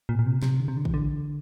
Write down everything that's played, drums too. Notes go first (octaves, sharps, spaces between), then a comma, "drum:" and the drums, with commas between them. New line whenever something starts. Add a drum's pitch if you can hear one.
A#2
A#2
C3
C3, drum: snare
D3
C3
D3
E3, drum: kick A1
D3